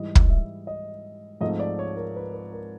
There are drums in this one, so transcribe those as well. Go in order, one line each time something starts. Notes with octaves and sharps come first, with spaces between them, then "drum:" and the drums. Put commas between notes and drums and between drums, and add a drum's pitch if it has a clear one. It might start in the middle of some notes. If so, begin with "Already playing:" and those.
Already playing: G#2 E3 G3 D#5
drum: kick
E5
D#5
G#2 F3 A3 C4 D#5
D5
C#5
A#4
B4
B4
A#4